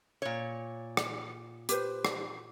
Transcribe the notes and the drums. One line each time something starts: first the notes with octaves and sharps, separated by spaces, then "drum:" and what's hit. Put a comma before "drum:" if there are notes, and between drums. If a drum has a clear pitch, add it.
A#2 C#5
drum: rim click
G4 B4 C5, drum: hi-hat
drum: rim click